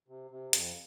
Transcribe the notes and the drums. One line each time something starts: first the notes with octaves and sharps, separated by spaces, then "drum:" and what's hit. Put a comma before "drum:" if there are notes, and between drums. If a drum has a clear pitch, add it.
C3
C3
F2, drum: hi-hat